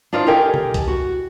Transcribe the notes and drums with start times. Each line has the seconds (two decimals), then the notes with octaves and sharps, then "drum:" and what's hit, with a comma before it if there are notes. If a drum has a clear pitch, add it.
0.13 D4 D#4 F4 C5 D5
0.26 G4 A4 A#4 D#5 G5 G#5
0.54 drum: tom B2
0.74 drum: kick C2, hi-hat
0.87 F#4